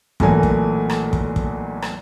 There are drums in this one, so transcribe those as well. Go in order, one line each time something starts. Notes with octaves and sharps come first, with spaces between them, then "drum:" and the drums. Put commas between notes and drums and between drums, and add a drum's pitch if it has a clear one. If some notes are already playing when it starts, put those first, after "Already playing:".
B1 A#2 E3 A3 A#4 G#5, drum: kick
drum: kick
drum: rim click
drum: kick
drum: kick
drum: rim click